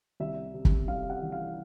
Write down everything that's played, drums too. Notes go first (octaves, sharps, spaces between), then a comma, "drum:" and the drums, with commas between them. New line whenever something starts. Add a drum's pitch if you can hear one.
C2 E5
C3
drum: kick
G3 F5
F#5
E3
F5